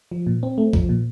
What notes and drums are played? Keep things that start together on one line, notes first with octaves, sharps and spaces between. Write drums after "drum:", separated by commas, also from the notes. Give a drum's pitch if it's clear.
F3
A#2
C4
A3
F3, drum: kick A#1
A#2